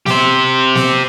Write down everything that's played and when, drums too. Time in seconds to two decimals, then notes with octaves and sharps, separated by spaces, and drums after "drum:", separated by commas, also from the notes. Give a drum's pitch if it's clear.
0.06 G4 C5, drum: snare
0.75 drum: snare